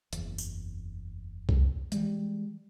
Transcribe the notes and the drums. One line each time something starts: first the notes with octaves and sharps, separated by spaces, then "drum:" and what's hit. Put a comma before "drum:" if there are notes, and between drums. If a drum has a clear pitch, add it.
F#1 E2, drum: hi-hat
drum: tambourine
drum: kick C2
E3 G3 G#3, drum: hi-hat